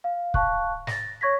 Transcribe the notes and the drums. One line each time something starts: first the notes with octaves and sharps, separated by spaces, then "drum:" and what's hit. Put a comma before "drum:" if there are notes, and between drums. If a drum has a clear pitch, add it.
F5
F5 A5 C#6 F#6, drum: kick
A6 A#6, drum: snare
C#5 C#6 G#6 A#6 B6